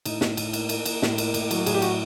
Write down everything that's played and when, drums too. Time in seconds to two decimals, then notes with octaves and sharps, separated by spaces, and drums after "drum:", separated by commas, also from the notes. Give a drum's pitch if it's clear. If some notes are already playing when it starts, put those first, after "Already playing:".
0.05 A2 D#4, drum: cymbal
0.21 A2, drum: snare
0.37 A2, drum: cymbal
0.53 A#3, drum: cymbal
0.69 A#3, drum: cymbal
0.85 A#3, drum: cymbal
1.02 A2, drum: snare
1.18 A#3, drum: cymbal
1.34 A2, drum: cymbal
1.51 F#3, drum: cymbal
1.66 A2 G#4, drum: cymbal
1.74 G4
1.82 F#3 F#4, drum: cymbal